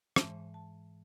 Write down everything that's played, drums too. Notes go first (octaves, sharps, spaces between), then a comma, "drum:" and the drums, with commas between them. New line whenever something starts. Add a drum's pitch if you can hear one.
G#2 E3 G#3 A5, drum: rim click
A5